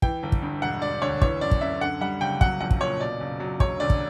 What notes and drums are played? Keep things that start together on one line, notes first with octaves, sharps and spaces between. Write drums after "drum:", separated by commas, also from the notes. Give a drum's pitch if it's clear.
E3 G5, drum: kick
G1
drum: kick
G2
E1 F#5
E1 D5
D2 C#5
E3 C#5, drum: kick
F#2 D5
drum: kick
F#2 E5
D3 F#5
G3 F#5
F#1 G5
F#3 F#5, drum: kick
A#1 F#5
drum: kick
A#2 C#5
B2 D5
F#1
F#3
E1 C#5, drum: kick
D2 D5
drum: kick